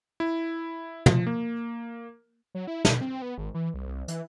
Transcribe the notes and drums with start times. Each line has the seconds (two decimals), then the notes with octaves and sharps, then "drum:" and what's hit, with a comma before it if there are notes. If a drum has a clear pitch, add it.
0.20 E4
1.06 F3, drum: tom
1.27 A#3
2.54 F#3
2.67 E4
2.85 B2, drum: snare
3.01 C4
3.22 B3
3.38 G#1
3.54 E3
3.74 C2
3.87 C2
4.08 E3, drum: hi-hat